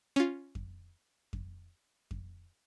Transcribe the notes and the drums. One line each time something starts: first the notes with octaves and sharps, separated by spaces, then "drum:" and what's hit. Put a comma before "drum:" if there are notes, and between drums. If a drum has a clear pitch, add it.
C#4 F4
drum: kick F2
drum: kick F2
drum: kick F2